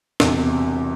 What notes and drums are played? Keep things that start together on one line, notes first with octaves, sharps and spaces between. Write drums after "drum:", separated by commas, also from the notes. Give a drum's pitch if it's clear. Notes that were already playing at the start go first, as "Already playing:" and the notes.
E1 E2 C3, drum: snare